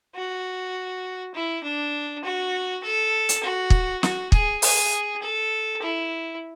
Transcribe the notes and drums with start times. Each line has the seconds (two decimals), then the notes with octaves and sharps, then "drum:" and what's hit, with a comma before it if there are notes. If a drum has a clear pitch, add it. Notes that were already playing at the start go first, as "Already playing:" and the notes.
0.15 F#4
1.34 E4
1.63 D4
2.24 F#4
2.83 A4
3.29 drum: hi-hat
3.43 F#4
3.70 drum: kick
4.03 F#4, drum: snare
4.32 G#4, drum: kick
4.62 G#4, drum: open hi-hat
5.22 A4
5.82 E4